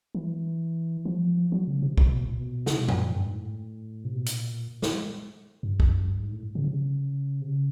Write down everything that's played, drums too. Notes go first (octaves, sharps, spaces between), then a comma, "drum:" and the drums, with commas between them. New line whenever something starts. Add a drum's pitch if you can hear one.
E3
F3
F#3
C#3
C3
C3, drum: kick
B2
A#2
B2
C#3, drum: snare
C3
B2
A#2, drum: tom F#2
G2
G#2
A2
C3
B2
A#2, drum: hi-hat
drum: snare
G2
F2, drum: kick
F#2
G2
G#2
A2
C#3
C3
C#3
C3
C#3